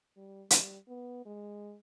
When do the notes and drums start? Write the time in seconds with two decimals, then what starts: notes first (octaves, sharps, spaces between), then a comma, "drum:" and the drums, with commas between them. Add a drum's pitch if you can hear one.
0.17 G3
0.50 G3, drum: hi-hat
0.88 B3
1.26 G#3